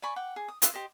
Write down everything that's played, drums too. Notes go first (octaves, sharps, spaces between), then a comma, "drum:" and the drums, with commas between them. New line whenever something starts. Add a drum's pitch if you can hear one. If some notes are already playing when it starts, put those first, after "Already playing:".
D5 G#5 B5 C#6
F#5 G5 D6
G#4
D#6
F4 B4 E5 D#6, drum: hi-hat
G4 C5 D#5